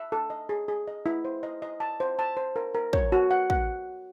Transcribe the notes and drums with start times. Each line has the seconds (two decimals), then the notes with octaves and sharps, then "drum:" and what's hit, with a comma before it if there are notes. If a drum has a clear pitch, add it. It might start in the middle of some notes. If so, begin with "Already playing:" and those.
Already playing: E5
0.12 A4
0.30 D#5
0.49 G#4
0.68 G#4
0.87 D#5
1.06 E4
1.25 C5
1.43 D#5
1.62 D#5
1.80 A5
2.00 C5
2.19 A5
2.37 C5
2.56 A#4
2.75 A#4
2.93 C#5, drum: kick
3.12 F#4
3.31 F#5
3.50 F#5, drum: kick